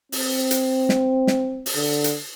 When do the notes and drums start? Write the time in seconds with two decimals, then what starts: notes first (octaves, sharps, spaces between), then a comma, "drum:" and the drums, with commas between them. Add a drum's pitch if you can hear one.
0.12 C4, drum: open hi-hat
0.51 drum: hi-hat
0.89 drum: snare
1.27 drum: snare
1.66 drum: open hi-hat
1.76 D3
2.04 drum: hi-hat